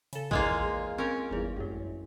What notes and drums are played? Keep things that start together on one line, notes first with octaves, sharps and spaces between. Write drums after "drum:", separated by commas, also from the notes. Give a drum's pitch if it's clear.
C#3 A4, drum: hi-hat
A#1 E2 G#3 A#3 F4, drum: kick
C4 C#4 A#4
G1 E2
A1 F#2